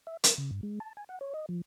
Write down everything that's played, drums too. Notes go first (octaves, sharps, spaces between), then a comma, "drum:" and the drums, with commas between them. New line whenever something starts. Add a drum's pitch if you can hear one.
E5
A#4, drum: hi-hat
C#3
G2
G#3
A5
G#5
F#5
C#5
D#5
F3